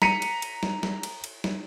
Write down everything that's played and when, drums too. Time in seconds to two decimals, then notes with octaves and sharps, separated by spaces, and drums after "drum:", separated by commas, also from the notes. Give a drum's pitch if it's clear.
0.02 A#5 B6 C#7 D#7, drum: snare
0.22 drum: cymbal
0.42 drum: cymbal
0.63 drum: snare
0.83 drum: snare
1.03 drum: cymbal
1.24 drum: cymbal
1.44 drum: snare